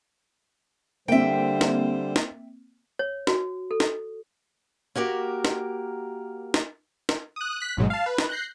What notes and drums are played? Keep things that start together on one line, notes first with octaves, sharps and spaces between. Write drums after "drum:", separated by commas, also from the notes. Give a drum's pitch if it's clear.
D3 G3 A#3 C4 C5 E5 G5
drum: snare
drum: snare
C#5
F#4, drum: snare
A4
drum: snare
A#3 F#4 G4 A#4
drum: snare
drum: snare
drum: snare
D#6 F#6
F#6 B6
A1 G#2 B2 F#3 G#3
F5 A5
B4
drum: snare
F#6 G6 A#6 C7